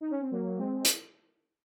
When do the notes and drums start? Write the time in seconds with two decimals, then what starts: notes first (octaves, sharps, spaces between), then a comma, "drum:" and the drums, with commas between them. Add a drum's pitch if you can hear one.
0.01 D#4
0.11 C#4
0.21 C4
0.31 F#3 A#3
0.58 G#3 C4
0.85 drum: hi-hat